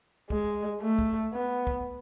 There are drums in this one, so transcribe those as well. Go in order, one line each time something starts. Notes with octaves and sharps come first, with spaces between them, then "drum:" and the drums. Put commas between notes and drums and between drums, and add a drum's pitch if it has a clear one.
G#3, drum: kick
A3
drum: kick
B3
drum: kick